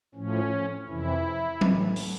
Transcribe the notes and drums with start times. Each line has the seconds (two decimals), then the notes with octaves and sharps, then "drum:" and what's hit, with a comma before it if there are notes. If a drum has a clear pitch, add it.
0.15 A2 F3 C#4
0.88 F2 C3 E3 E4
1.61 A2 E3, drum: tom
1.96 drum: open hi-hat